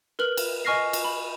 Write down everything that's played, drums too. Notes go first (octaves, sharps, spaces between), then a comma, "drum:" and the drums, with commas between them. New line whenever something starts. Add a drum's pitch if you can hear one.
A#4 B4 F6 F#7
drum: cymbal
D#5 G#5 C#6 F6 A#6 C7
drum: cymbal
B5